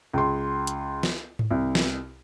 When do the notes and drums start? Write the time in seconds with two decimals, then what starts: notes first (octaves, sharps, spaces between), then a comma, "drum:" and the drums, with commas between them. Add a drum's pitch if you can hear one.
0.13 C#2 C6
0.67 drum: hi-hat
1.03 drum: snare
1.39 drum: tom G#2
1.51 C2
1.75 drum: snare